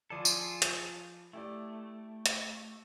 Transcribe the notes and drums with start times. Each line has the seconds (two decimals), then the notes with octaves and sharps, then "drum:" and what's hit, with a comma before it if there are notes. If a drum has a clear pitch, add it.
0.10 F3 F4 G#4 A4 D5 B5
0.25 drum: tambourine
0.62 drum: hi-hat
1.33 A3 E4 G4 D5
2.26 drum: hi-hat